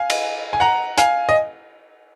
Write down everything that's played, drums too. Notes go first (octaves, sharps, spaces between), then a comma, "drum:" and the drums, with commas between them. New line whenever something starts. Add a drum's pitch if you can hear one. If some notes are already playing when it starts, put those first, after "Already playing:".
Already playing: F5 G#5
drum: cymbal
G#5
F#5 A#5
F5 G#5, drum: hi-hat
D#5